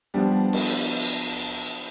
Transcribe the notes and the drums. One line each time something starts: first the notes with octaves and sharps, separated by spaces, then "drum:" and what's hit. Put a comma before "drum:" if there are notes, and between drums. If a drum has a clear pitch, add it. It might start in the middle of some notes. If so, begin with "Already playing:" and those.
F3 G3 B3 D4
drum: cymbal